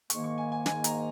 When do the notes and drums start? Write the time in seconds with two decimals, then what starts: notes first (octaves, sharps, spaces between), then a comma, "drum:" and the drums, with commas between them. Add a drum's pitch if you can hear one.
0.10 G#2 D#3 A#3 C#6, drum: hi-hat
0.24 C#6
0.38 G#5
0.52 G#5
0.66 G#2 D#3 A#3 G#5, drum: snare
0.84 A#5, drum: hi-hat